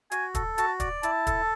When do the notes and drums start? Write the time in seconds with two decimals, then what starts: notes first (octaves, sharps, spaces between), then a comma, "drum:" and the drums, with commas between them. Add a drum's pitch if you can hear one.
0.12 F#4 G#5, drum: hi-hat
0.35 A4, drum: kick, hi-hat
0.58 F#4 A5, drum: hi-hat
0.80 D5, drum: kick, hi-hat
1.03 E4 A5, drum: hi-hat
1.27 A4, drum: kick, hi-hat